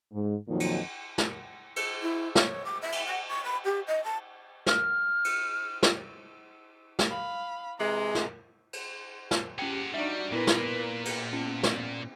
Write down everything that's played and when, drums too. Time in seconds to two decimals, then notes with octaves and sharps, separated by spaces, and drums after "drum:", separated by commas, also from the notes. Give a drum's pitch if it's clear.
0.13 G#2
0.48 F2 A#2 D#3 F3 F#3 D#4
0.60 drum: cymbal
1.18 drum: snare
1.76 drum: cymbal
2.01 E4
2.35 C#5, drum: snare
2.65 D6
2.81 E5
2.92 drum: cymbal
3.06 F#5
3.28 C#6
3.44 B5
3.64 G4
3.87 D#5
4.03 A5
4.66 F6, drum: snare
5.25 drum: cymbal
5.83 drum: snare
6.99 drum: snare
7.10 F5 B5
7.79 C3 E3 G#3 A#5
8.15 drum: snare
8.73 drum: cymbal
9.31 drum: snare
9.59 C#4 G4 G#4 F#5 G5
9.94 G3 D4 D#4 F#4 E5
10.32 A#2 A#3 B3 E4 A#4 B4
10.47 drum: snare
11.05 drum: cymbal
11.33 B3 C#4
11.63 drum: snare